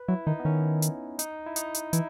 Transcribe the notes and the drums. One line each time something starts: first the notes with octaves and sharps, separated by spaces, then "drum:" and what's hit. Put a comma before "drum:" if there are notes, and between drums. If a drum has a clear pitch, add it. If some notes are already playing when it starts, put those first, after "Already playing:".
Already playing: B4
F#3 E4
D#3 D#4
B3
D#3 C#4
drum: hi-hat
D#4, drum: hi-hat
E4
D#4, drum: hi-hat
drum: hi-hat
E3 E4, drum: hi-hat